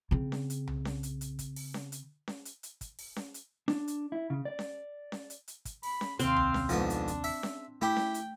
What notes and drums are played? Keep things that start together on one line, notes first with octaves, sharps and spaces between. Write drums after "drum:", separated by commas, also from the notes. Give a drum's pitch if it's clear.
C#3 C4
drum: snare C#4
drum: hi-hat
drum: tom C2
drum: snare C#4
drum: hi-hat
drum: hi-hat
drum: kick, hi-hat
drum: open hi-hat
drum: snare C#4
drum: hi-hat
drum: snare C#4
drum: hi-hat
drum: hi-hat
drum: kick, hi-hat
drum: open hi-hat
drum: snare C#4
drum: hi-hat
D4, drum: snare C#4
drum: hi-hat
E4
C#3
D5
drum: snare C#4
drum: snare C#4
drum: hi-hat
drum: hi-hat
drum: kick, hi-hat
B5, drum: open hi-hat
drum: snare C#4
D#2 C3 C4 F5 C6, drum: hi-hat
drum: tom C2
drum: snare C#4
F2 G#2 B3 D4, drum: hi-hat
drum: hi-hat
drum: kick, hi-hat
E5, drum: open hi-hat
drum: snare C#4
A3 E4 G4 G5
drum: snare C#4
drum: hi-hat